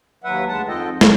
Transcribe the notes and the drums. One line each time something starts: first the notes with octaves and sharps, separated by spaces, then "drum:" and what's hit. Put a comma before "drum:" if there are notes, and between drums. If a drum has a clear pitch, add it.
D#2 F#3 B4 E5 F#5
D2 G#3 F#5 A5
F2 G#2 F4 A4 D#5 G5
E3 F3 A3 E4 A#4 C#5, drum: snare